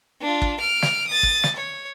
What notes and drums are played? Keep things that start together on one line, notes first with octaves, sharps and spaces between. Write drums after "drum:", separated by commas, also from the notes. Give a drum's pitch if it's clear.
D4 F4
drum: kick
F6 D7
drum: snare
D#6 A6
drum: kick
drum: snare
C#5